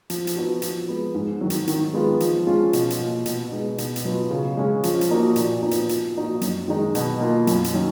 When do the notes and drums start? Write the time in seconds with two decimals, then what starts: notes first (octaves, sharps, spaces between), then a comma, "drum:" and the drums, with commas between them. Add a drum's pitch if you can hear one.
0.10 F3, drum: hi-hat
0.27 drum: hi-hat
0.36 B3 D#4 F#4
0.62 F3, drum: hi-hat
0.89 G#3 B3
1.14 G#2
1.41 D#3 F#3
1.50 drum: hi-hat
1.67 D#3, drum: hi-hat
1.94 G#3 B3 F4
2.20 F3, drum: hi-hat
2.46 G#3 C#4 F4
2.73 B2, drum: hi-hat
2.90 drum: hi-hat
3.00 A#3 F4
3.26 B2, drum: hi-hat
3.52 G#3 B3 D#4
3.78 B2, drum: hi-hat
3.96 drum: hi-hat
4.05 F#3 B3 F4
4.31 C#3
4.57 G#3 C#4
4.83 F3, drum: hi-hat
5.01 drum: hi-hat
5.10 A#3 D#4 F#4
5.36 A#2, drum: hi-hat
5.62 F3 B3 D#4 F#4
5.71 drum: hi-hat
5.89 F3, drum: hi-hat
6.15 A#3 D#4 F#4
6.41 F#2, drum: hi-hat
6.68 D#3 G#3 D#4
6.95 B2, drum: hi-hat
7.21 A#3 F4
7.47 F#2, drum: hi-hat
7.64 drum: hi-hat
7.74 D#3 F#3 C#4